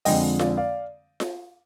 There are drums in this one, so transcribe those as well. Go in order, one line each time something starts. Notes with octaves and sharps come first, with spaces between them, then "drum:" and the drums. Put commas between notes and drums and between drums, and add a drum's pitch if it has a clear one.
F2 D3 F3 G#3 D#5 G5, drum: open hi-hat
D5 F5, drum: snare F4
D5 F5
drum: snare F4